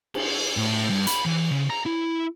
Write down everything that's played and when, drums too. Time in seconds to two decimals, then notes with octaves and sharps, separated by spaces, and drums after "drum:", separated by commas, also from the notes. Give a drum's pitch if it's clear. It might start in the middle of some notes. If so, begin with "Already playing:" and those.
0.14 drum: cymbal
0.57 A2
0.90 G2
1.07 B5, drum: hi-hat
1.26 E3
1.51 C#3
1.70 A#5
1.86 E4